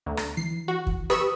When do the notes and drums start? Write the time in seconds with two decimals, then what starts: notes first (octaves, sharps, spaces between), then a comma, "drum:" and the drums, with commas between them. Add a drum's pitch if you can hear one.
0.06 D2
0.17 drum: rim click
0.37 E3 C7
0.68 F#4
0.87 drum: kick
1.10 G4 B4 B5 C#6 D#6 E6, drum: rim click